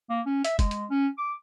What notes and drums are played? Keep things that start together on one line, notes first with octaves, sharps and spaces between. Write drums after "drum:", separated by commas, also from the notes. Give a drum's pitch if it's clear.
A#3
C#4
E5, drum: hi-hat
G#3, drum: kick, hi-hat
drum: hi-hat
C#4
D6